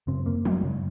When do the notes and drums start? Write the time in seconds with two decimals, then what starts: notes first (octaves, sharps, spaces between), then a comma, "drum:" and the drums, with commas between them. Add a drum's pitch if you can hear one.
0.07 F#2 C#3 C4
0.26 A#3
0.45 F#3, drum: tom F#3
0.63 F#2 C#3